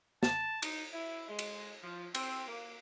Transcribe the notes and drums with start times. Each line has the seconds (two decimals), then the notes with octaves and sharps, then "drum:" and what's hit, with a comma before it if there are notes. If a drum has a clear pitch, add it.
0.23 A5, drum: snare
0.62 D#4, drum: cymbal
0.92 E4
1.28 G#3
1.39 drum: cymbal
1.84 F3
2.15 C4, drum: cymbal
2.47 A#3